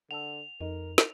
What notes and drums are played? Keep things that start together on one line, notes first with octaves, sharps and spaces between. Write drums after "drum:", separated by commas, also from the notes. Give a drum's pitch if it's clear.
D3 F#5 A5 E6 F7
F2 D#4 A4 A#4 D#5
drum: snare